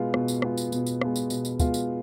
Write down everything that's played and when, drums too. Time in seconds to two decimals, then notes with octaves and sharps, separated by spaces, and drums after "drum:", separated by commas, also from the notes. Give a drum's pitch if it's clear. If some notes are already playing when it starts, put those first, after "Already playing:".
Already playing: B2 G#3 B3 F4
0.14 B2, drum: rim click
0.28 drum: tambourine
0.42 G#3 B3 F4, drum: rim click
0.57 drum: tambourine
0.72 B2, drum: tambourine
0.87 drum: tambourine
1.01 G#3 B3 F4, drum: rim click
1.16 drum: tambourine
1.30 B2, drum: tambourine
1.45 drum: tambourine
1.60 G#3 B3 F4, drum: kick, tambourine
1.74 drum: tambourine